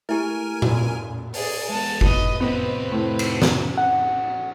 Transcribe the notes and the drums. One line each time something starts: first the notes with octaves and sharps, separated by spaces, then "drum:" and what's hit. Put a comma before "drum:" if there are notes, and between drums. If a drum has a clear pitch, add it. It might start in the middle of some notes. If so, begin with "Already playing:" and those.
A3 E4 G4 A#4 G#5
drum: tom A#2
G#4 D5, drum: open hi-hat
G#3 B3 A5
B4 D#5, drum: kick F#1
F2 C3 B3 C4 B4 D#5
A2
drum: cymbal
drum: snare
F#5